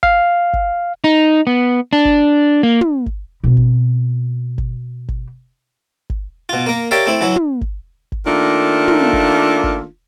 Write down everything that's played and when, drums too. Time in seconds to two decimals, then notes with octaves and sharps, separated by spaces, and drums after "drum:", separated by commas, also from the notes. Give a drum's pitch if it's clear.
0.03 F5, drum: kick G1
0.53 drum: kick G1
1.04 D#4
1.47 B3
1.93 D4
2.05 drum: kick G1
2.63 A#3
2.81 drum: tom
3.06 drum: kick G1
3.44 B2 C4
3.57 drum: kick G1
4.58 drum: kick G1
5.09 drum: kick G1
6.10 drum: kick G1
6.49 B2 F4
6.66 A#3 A#4
6.91 G4 A#4 C#5 D5 E5 F5
7.06 A3 C4 E4
7.21 E3 F#3 E4
7.36 drum: tom
7.61 drum: kick G1
8.12 drum: kick G1
8.27 D#3 A3 A#3 D4 F4
8.88 drum: tom
9.13 drum: kick G1
9.64 drum: kick G1